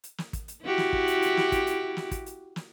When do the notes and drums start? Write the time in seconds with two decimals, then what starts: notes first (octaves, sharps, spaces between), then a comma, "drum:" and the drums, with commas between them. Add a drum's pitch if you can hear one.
0.04 drum: hi-hat
0.18 drum: snare
0.33 drum: kick, hi-hat
0.48 drum: hi-hat
0.63 E4 F#4 G4
0.78 drum: snare
0.93 drum: kick
1.07 drum: hi-hat
1.22 drum: hi-hat
1.37 drum: snare
1.52 drum: kick, hi-hat
1.67 drum: hi-hat
1.97 drum: snare
2.11 drum: kick, hi-hat
2.26 drum: hi-hat
2.56 drum: snare